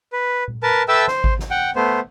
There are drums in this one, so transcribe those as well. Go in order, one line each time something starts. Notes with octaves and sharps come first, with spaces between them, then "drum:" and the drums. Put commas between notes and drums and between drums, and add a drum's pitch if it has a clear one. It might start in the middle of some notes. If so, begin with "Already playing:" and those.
B4
drum: tom A#2
A#4 B4 A5
A4 B4 E5 G5 A5 E6
C5, drum: snare
drum: kick G#1
drum: snare
F#5 G5
A3 B3 C5